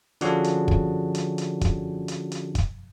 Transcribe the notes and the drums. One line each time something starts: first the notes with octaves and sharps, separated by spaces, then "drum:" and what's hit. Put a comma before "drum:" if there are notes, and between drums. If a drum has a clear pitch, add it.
D3 F3 C#4 D4 F#4 G#4, drum: hi-hat
drum: hi-hat
drum: kick
drum: hi-hat
drum: hi-hat
drum: kick, hi-hat
drum: hi-hat
drum: hi-hat
drum: kick, hi-hat